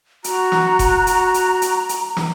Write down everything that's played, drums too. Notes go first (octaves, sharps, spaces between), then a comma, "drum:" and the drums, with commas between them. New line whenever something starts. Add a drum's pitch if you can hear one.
F#4 A#5, drum: hi-hat
drum: snare
drum: kick F#1, hi-hat
drum: hi-hat
drum: hi-hat
drum: hi-hat
drum: hi-hat
drum: snare